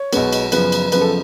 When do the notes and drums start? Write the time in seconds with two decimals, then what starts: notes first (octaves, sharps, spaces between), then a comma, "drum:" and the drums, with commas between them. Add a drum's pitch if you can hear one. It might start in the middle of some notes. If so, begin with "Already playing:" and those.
Already playing: C#5
0.13 B1 B2 G#3 B3, drum: cymbal
0.33 drum: cymbal
0.52 F#2 C#3 F3 B3 B4, drum: cymbal
0.72 drum: cymbal
0.92 F#2 C#3 F3 B3 B4, drum: cymbal
1.01 A4